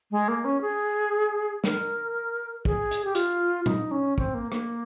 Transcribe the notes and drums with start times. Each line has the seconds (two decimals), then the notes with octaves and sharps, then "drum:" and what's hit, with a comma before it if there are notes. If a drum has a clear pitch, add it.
0.11 G#3
0.28 A#3
0.45 C#4
0.61 G#4
1.64 A#4, drum: snare
2.65 G#4, drum: kick
2.91 drum: hi-hat
3.05 G4
3.15 F4, drum: hi-hat
3.66 D#4, drum: tom A#2
3.91 C#4
4.18 C4, drum: kick
4.34 A#3
4.52 A#3, drum: rim click